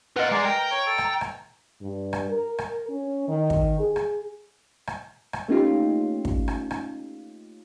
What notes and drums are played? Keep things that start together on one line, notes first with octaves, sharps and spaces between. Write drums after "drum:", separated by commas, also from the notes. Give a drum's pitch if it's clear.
F4 A#4 B4 D#5 F#5
G#3 D5 A#5
A#4 G5
C#5 A#5
A4
drum: rim click
drum: rim click
G2
drum: rim click
A#4
drum: rim click
C#4
D#3
drum: kick
G#4
drum: rim click
drum: rim click
drum: rim click
A3 A#3 C#4 D#4 F4 G4
drum: kick
drum: rim click
drum: rim click